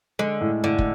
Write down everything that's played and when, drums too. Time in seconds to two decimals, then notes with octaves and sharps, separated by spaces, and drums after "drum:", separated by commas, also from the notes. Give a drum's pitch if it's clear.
0.19 D3 G#3
0.41 A2
0.63 A2 D3
0.78 drum: kick